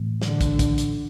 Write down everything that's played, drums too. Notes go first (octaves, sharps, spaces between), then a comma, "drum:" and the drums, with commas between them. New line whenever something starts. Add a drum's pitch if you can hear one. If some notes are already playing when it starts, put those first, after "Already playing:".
Already playing: A2 E3 A3 C4
D3, drum: snare
drum: kick, hi-hat
drum: kick, hi-hat
drum: hi-hat